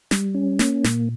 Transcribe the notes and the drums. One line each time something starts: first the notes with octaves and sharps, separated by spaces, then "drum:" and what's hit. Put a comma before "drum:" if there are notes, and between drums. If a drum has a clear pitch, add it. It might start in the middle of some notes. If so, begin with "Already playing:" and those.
G3, drum: snare
C#4
A#3, drum: snare
A#2, drum: snare